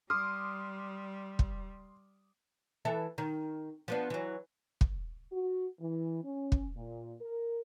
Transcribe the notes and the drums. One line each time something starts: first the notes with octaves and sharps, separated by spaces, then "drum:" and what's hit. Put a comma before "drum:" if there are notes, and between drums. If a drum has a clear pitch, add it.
G3 C6 D6 D#6 F6
drum: kick
E3 A4 E5
D#3
F3 B3 D4
E3 F#3
drum: kick
F#4
E3
C#4
drum: kick
A#2
A#4